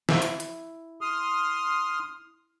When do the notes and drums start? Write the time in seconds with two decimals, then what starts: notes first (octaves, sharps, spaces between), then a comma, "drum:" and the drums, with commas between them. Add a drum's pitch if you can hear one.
0.09 E4, drum: snare
0.22 drum: hi-hat
0.40 drum: hi-hat
1.01 C6 D#6 F6